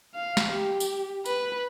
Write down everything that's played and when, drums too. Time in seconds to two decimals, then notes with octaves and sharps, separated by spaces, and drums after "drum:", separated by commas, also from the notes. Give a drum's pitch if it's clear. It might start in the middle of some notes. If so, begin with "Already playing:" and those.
0.15 F5
0.37 drum: snare
0.52 G4
0.80 drum: tambourine
1.25 B4, drum: tambourine